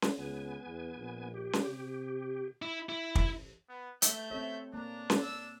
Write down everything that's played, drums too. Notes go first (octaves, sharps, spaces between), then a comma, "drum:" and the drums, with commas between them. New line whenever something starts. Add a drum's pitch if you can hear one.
drum: snare C#4
C#2 B3 G#5
E2
A#1
G4
drum: snare C#4
C3
E4
E4
drum: kick
B3
A3 E5 G6, drum: hi-hat
C4 A4 C#5 E5
A#3 D4 A#5
drum: snare C#4
E6